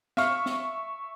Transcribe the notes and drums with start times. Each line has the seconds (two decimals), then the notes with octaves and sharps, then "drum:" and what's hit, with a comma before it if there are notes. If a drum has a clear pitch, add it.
0.17 E5 F5 C#6, drum: snare
0.46 drum: snare